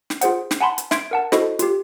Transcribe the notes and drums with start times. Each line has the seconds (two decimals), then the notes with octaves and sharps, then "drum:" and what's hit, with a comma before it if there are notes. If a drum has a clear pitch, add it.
0.10 drum: snare
0.21 F4 G#4 C5 F#5, drum: hi-hat
0.51 drum: snare
0.61 F#5 G#5 A5 B5 C6
0.78 drum: hi-hat
0.91 E5 C6 G#6 D7, drum: snare
1.11 A#4 F#5 A5
1.32 E4 F#4 A4 C5 D#5, drum: snare
1.59 F4 G4, drum: hi-hat